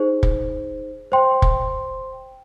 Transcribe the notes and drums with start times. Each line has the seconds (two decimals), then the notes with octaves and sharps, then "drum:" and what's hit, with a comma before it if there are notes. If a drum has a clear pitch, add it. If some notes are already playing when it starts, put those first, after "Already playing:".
Already playing: D#4 G#4 C5
0.23 drum: kick
1.12 C5 G5 C6
1.42 drum: kick